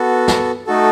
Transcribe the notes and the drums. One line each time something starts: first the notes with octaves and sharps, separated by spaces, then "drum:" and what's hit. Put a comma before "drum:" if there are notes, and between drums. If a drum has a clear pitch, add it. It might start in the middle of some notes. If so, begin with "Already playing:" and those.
Already playing: B3 F#4 A4
drum: snare
A3 D#4 F#4 A4